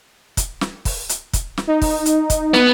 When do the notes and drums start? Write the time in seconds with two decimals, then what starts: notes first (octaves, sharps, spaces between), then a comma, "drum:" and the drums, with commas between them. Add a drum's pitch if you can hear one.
0.37 drum: kick, hi-hat
0.61 drum: snare
0.85 drum: kick, open hi-hat
1.09 drum: hi-hat
1.33 drum: kick, hi-hat
1.57 drum: snare
1.67 D#4
1.82 drum: kick, open hi-hat
2.06 drum: hi-hat
2.30 drum: kick, hi-hat
2.54 B3, drum: snare